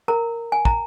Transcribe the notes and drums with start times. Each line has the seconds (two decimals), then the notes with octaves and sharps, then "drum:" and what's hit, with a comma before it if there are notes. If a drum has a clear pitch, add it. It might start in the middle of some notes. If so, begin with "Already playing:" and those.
0.08 A#4 A#5
0.52 G#5
0.65 A#5, drum: kick